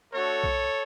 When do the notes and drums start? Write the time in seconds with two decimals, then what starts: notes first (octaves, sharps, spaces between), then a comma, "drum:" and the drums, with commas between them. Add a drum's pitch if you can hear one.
0.14 A3 D4 F#4 A4 C#5
0.44 drum: kick B1